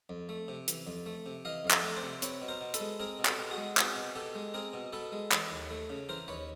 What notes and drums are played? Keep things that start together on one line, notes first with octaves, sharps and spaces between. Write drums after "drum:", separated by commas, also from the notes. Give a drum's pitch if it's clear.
F2
A3
C3
E3, drum: hi-hat
F2
A3
C3
E3 D#5 F5
F2 F5
D5 E5, drum: clap
A3
C5 D5
C3
C4 B4 C#5, drum: hi-hat
B2
A#4 C5
B2
A4 B4, drum: hi-hat
G#3
C4 G#4 A#4
B2
G4 A4, drum: clap
B2
F#4 G#4
G#3
C4 F#4 G#4, drum: clap
B2
B2 G4 A4
G#3
C4 G#4 A#4
B2
B2 A4 B4
G#3
E3, drum: clap
D#2
A3
C#3
E3 A#4 C5
D#2 B4 C#5